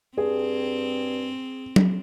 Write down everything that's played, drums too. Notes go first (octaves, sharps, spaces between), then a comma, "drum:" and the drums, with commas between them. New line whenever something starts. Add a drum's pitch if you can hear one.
G2 C4 G#4
drum: tom F#3